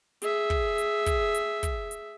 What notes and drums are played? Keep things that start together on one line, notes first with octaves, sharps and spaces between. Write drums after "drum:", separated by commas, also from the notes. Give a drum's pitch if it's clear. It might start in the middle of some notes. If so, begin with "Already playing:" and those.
G#4 E5, drum: hi-hat
drum: kick
drum: hi-hat
drum: kick, hi-hat
drum: hi-hat
drum: kick, hi-hat
drum: hi-hat